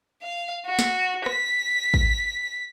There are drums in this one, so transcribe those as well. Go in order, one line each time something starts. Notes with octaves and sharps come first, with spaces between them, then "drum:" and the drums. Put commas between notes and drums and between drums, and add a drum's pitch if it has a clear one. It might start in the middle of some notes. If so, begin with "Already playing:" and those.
F5
F#4
drum: snare
B6, drum: rim click
drum: kick